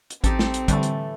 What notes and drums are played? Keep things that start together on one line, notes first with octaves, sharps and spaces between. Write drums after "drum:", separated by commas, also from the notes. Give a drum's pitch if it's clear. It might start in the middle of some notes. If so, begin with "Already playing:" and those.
drum: hi-hat
A1 C4 D#4 G4 A4, drum: kick, hi-hat
drum: snare
drum: hi-hat
A2 D3 E3 G3 A3, drum: kick, hi-hat
drum: hi-hat